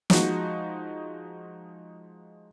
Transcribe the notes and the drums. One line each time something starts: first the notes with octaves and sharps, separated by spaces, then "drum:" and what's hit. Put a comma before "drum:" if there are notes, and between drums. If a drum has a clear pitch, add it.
F3 G#3 D#4 F#4, drum: snare